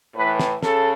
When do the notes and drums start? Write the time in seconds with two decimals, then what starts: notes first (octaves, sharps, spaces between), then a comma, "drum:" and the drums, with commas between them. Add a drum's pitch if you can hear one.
0.16 A2 E3 B4
0.39 drum: snare
0.63 C#3 A4, drum: snare